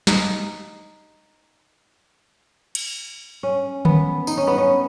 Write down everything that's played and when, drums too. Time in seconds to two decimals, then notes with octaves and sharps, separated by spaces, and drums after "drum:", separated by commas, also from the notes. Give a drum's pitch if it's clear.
0.07 D#4, drum: snare
2.75 drum: cymbal
3.43 C#4
3.85 B3, drum: tom D3
4.27 D#4, drum: tambourine
4.37 C#4
4.47 B3
4.58 C#4